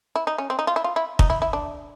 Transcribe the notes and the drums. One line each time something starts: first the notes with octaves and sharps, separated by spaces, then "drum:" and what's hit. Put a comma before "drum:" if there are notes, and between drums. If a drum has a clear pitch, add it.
E4
D#4
C#4
C4
D#4
F4
E4
F4
E4
D#4, drum: kick
E4
E4
D4